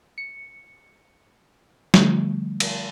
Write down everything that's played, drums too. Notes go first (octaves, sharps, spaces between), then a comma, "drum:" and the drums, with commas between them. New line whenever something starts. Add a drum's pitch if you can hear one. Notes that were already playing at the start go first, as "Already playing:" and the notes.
C#7
D3 F3 G3 A3, drum: snare
drum: cymbal